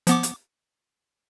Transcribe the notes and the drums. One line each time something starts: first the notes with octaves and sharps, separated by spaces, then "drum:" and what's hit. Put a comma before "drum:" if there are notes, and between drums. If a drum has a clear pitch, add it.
F3 B3 D6, drum: hi-hat
drum: hi-hat